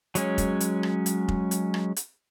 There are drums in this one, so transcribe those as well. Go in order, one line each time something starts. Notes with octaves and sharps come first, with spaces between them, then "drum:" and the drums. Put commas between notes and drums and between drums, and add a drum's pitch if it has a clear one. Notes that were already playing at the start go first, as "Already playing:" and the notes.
F#3 G#3 C#4, drum: hi-hat
drum: kick F1, hi-hat
drum: hi-hat
drum: rim click
drum: hi-hat
drum: kick F1
drum: hi-hat
drum: rim click
drum: hi-hat